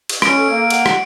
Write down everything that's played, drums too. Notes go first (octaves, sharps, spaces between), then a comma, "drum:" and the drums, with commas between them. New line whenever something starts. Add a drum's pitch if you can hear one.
drum: cymbal
C#4 D7, drum: rim click
A4
A#3
F#5, drum: cymbal
drum: rim click